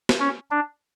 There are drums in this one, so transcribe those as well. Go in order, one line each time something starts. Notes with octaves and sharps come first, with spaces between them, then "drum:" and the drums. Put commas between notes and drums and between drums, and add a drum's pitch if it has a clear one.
drum: snare
C#4
D4